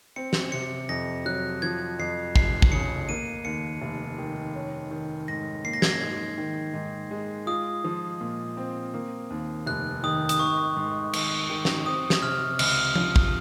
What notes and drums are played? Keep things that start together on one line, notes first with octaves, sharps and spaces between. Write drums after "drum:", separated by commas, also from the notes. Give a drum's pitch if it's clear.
C4 C#7
drum: snare
C3 C#7
F2 A#6
F#3 F#6
F3 G#6
F2 C7
F1 C7, drum: kick
drum: kick
C#3 C#7
A#3 D#7
D#2 C#7
F1
D#3
C#4
D#3
G#2 A#6
A#3 C7
A#6
G#6, drum: snare
A#6
G#2 G#6
D#3
G#2
G#3
F4 D#6
F3
A#2
C4
A#3
D#2
F1 F#6
D#3 D#6
D#6, drum: hi-hat
G#1 C#6
G#2
G#1, drum: cymbal
D#3
drum: snare
C4 D#6
drum: snare
C3 F6
C#2 F6, drum: cymbal
F3, drum: tom F3
drum: kick